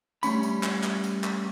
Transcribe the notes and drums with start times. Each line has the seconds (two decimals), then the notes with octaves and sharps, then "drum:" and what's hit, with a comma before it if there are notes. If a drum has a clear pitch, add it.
0.23 G3 A3 C#4 B5, drum: tambourine
0.43 drum: tambourine
0.63 drum: clap
0.83 drum: clap
1.04 drum: tambourine
1.24 drum: clap